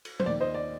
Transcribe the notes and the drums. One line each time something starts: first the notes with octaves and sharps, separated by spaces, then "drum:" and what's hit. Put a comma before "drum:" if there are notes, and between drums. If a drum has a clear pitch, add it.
drum: cymbal
C5, drum: tom F3
D#2 D#3 D5
C5 D#5
D5